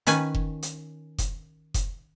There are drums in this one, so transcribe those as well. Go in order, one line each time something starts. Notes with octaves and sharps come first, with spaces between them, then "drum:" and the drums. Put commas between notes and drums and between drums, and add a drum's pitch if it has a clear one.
D#3 C#4 B4 G#5, drum: hi-hat
drum: kick F1
drum: hi-hat
drum: kick F1, hi-hat
drum: kick F1, hi-hat